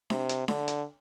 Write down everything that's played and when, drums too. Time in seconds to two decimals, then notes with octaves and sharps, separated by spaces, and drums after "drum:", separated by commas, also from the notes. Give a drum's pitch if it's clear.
0.10 C3, drum: snare D4
0.29 drum: hi-hat
0.48 D3, drum: snare D4
0.68 drum: hi-hat